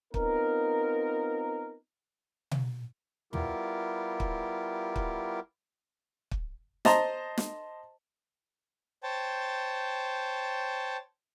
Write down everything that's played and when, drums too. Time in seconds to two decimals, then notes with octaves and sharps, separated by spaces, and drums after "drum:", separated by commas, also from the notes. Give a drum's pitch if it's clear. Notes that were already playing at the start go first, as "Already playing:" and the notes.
0.14 B3 C4 D#4 F4 A#4, drum: kick
2.51 drum: tom B2
3.33 G3 B3 E4 F4 G4 A#4, drum: tom
4.20 drum: kick
4.96 drum: kick
6.31 drum: kick
6.85 C5 D#5 A5 A#5 C6, drum: snare
7.38 drum: snare
9.03 C5 C#5 G5 A5